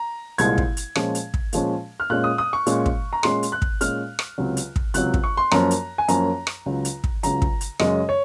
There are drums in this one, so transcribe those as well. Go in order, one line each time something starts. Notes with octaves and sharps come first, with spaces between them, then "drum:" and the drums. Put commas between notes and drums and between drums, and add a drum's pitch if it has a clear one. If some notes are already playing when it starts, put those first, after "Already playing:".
Already playing: A#5
C2 A#2 G#3 C4 G#6, drum: hi-hat
drum: kick
drum: hi-hat
A#2 F3 G#3 C#4, drum: rim click
drum: hi-hat
drum: kick
A#2 F3 G#3 C#4, drum: hi-hat
F6
A#2 G#3 C#4 F#6
D#6
D#6
C#6
A#2 G#3 C#4, drum: hi-hat
drum: kick
A#5
A#2 G#3 C#4 C6, drum: rim click
drum: hi-hat
F#6
drum: kick
A#2 G#3 C#4 F6, drum: hi-hat
drum: rim click
C#2 C3 F#3
drum: hi-hat
drum: kick
C#2 C3 F#3 F#6, drum: hi-hat
drum: kick
C#6
C6
F#2 F3 A#3 C#4 A#5, drum: rim click
drum: hi-hat
G#5
F#2 F3 A#3 C#4 A#5, drum: hi-hat
drum: rim click
C#2 C#3 F#3
drum: hi-hat
drum: kick
C#2 C#3 F#3 A#5, drum: hi-hat
drum: kick
drum: hi-hat
F#2 C#3 G#3 C#4 D#5, drum: rim click
C#5